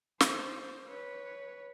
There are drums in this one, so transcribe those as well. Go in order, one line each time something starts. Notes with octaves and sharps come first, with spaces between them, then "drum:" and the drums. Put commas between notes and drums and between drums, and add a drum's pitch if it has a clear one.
C5, drum: snare
B4 C#5